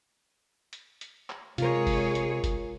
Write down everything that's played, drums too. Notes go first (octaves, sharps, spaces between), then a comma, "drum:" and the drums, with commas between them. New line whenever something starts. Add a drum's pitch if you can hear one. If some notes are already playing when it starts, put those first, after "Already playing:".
drum: hi-hat
drum: hi-hat
drum: clap
C3 G#3 F4 G#4 A#4 C#5, drum: hi-hat
drum: kick F#1, open hi-hat
drum: hi-hat
drum: kick F#1, hi-hat